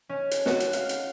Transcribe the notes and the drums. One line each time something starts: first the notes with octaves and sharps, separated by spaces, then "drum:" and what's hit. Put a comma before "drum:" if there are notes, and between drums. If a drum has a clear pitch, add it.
C#4
drum: hi-hat
F#4, drum: snare
drum: hi-hat
F5, drum: hi-hat
drum: hi-hat